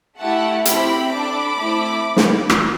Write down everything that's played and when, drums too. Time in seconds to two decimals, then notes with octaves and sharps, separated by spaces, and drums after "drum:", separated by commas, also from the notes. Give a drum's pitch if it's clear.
0.19 A3 E4 G4 F#5 A5
0.65 C4 E4 G4 G5 B5, drum: hi-hat
1.12 D4 A4 B5 D6
1.58 A3 C4 E4
2.17 drum: snare
2.50 drum: rim click